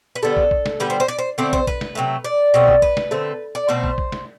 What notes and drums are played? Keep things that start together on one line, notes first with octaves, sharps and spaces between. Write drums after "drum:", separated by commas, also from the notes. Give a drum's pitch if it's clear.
B4
D3 G3 B3 A4
drum: kick
drum: kick
drum: snare
D3 G3 B3 B4
C5
C5
D5
C5
D3 A3 C4 D5
C5, drum: kick
B4, drum: kick
drum: snare
C3 F#3 A3
D5
B2 F#3 A3 C4
drum: kick
B4, drum: kick
drum: snare
D3 A3 C4
D5
B2 A3 C4 C5
drum: kick
drum: kick
drum: snare